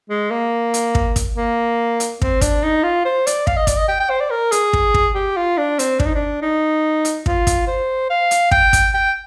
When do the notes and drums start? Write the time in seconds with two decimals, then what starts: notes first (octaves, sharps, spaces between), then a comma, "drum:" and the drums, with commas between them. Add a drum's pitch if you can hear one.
0.10 G#3
0.31 A#3
0.74 drum: hi-hat
0.95 drum: kick
1.16 drum: kick, hi-hat
1.36 A#3
2.00 drum: hi-hat
2.22 C4, drum: kick
2.41 D4, drum: kick, hi-hat
2.64 D#4
2.83 F4
3.05 C5
3.27 D5, drum: hi-hat
3.47 F5, drum: kick
3.57 D#5
3.67 D5, drum: kick, hi-hat
3.77 D#5
3.89 G5
4.00 G5
4.10 C5
4.21 D5
4.31 A#4
4.52 G#4, drum: hi-hat
4.73 drum: kick
4.94 drum: kick
5.15 G4
5.37 F4
5.58 D4
5.79 C4, drum: hi-hat
6.00 D4, drum: kick
6.06 D#4
6.14 D4
6.42 D#4
7.05 drum: hi-hat
7.26 F4, drum: kick
7.47 drum: kick, hi-hat
7.68 C5
8.10 F5
8.31 drum: hi-hat
8.51 G5, drum: kick
8.73 drum: kick, hi-hat
8.94 G5